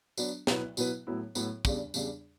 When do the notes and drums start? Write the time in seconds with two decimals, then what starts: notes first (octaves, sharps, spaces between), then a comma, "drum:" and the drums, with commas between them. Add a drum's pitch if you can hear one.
0.18 F#3 B3 D4, drum: tambourine
0.47 B2 F#3 B3 E4 B4, drum: snare
0.77 B2 F#3 B3 E4 B4, drum: tambourine
1.07 A2 F#3 B3 E4
1.35 A2 F#3 B3 E4, drum: tambourine
1.65 E2 C#3 G3 D4, drum: kick, tambourine
1.94 E2 C#3 G3 D4, drum: tambourine